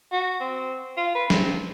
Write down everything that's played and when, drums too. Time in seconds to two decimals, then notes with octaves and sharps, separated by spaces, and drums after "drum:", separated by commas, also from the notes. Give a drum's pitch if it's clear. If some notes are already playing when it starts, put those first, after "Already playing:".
0.12 F#4
0.41 C4
0.97 F4
1.15 B4
1.30 C4, drum: snare